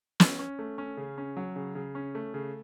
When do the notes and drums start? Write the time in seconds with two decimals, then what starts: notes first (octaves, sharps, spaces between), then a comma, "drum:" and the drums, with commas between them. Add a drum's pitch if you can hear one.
0.20 C#4, drum: snare
0.39 C#4
0.59 A3
0.78 C#4
0.97 C#3
1.18 C#4
1.37 F#3
1.56 C#3
1.75 C#3
1.95 C#4
2.15 A3
2.34 C#3